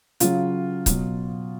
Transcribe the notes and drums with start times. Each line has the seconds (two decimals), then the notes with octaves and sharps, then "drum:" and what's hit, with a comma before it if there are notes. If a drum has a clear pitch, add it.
0.20 C#3 F#3 F4, drum: hi-hat
0.86 B2 F#3, drum: kick C#1, hi-hat